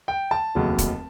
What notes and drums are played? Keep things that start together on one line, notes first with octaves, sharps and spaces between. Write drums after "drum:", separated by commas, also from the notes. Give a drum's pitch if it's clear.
G5
A5
F1 D#2 C#3 F#3
drum: kick, hi-hat